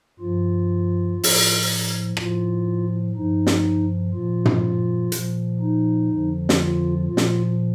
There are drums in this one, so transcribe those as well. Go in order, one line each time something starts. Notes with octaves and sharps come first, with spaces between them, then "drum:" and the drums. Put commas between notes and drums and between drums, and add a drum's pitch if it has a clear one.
G2 F3 F4
F3
A2, drum: open hi-hat
A2 F3 F4, drum: rim click
G2 F3 D#4
drum: snare
A#2 F3 F4
drum: tom
A#2 F3, drum: hi-hat
D#4
F2 D3 F3
drum: snare
F4
A#2 F3 F4
drum: snare